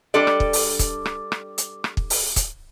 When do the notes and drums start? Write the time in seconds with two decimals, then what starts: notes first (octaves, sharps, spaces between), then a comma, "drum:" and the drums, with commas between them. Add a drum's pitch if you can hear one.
0.14 G3 D4 A4 D5
0.27 drum: rim click
0.40 drum: kick
0.53 drum: open hi-hat
0.79 drum: kick, hi-hat
1.06 drum: rim click
1.32 drum: rim click
1.58 drum: hi-hat
1.84 drum: rim click
1.97 drum: kick
2.10 drum: open hi-hat
2.36 drum: kick, hi-hat